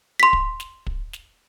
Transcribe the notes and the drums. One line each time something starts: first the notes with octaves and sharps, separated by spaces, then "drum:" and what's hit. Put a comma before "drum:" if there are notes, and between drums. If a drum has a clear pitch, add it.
C6 B6
drum: kick
drum: snare
drum: kick
drum: snare